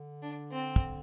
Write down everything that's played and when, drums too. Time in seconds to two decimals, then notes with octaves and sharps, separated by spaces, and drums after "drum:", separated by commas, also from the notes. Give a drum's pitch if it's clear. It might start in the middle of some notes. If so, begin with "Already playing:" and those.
Already playing: D3
0.22 D4
0.52 C4
0.76 drum: kick